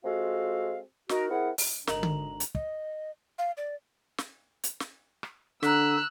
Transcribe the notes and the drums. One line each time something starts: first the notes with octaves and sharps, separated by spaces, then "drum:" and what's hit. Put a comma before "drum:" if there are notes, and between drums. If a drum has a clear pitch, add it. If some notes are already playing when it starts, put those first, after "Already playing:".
G#3 C4 F4 F#4 A4 F5
D#4 F#4 A#4, drum: snare
C4 E4 G#4 A#4 F#5
drum: open hi-hat
G#1 D3 A#4 D#5 A#5 F#7, drum: snare
drum: tom D3
drum: hi-hat
D#5, drum: kick
F5
D5
drum: snare
drum: hi-hat
drum: snare
drum: rim click
D3 A#5 E6 F#6 B6, drum: snare